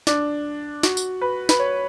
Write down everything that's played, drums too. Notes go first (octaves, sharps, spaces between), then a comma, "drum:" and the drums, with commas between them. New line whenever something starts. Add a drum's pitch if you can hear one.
D4, drum: snare
F#4, drum: snare
drum: tambourine
B4
B4, drum: snare
C#5